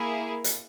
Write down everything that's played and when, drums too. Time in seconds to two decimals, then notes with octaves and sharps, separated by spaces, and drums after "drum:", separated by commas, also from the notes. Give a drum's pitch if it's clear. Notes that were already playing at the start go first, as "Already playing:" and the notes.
Already playing: A#3 E4 G#4
0.44 drum: hi-hat